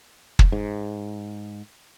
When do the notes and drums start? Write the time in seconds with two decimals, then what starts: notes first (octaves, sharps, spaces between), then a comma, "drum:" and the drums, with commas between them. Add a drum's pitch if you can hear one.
0.39 drum: kick
0.52 G#2